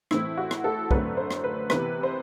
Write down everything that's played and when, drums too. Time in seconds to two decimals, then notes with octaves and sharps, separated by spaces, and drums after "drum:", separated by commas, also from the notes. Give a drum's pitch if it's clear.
0.11 A2 E3 A3 C4 E4, drum: rim click
0.37 F#4
0.51 drum: rim click
0.64 A4
0.91 F#2 D3 A3 C4 B4, drum: kick
1.17 C5
1.31 drum: rim click
1.44 B4
1.70 C3 E3 B3 B4, drum: rim click
2.03 C5